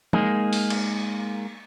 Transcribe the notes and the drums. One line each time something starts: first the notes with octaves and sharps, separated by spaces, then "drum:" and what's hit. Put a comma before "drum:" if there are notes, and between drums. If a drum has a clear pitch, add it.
G#3 A#3 D#4 G#4, drum: tom F3
drum: open hi-hat
drum: cymbal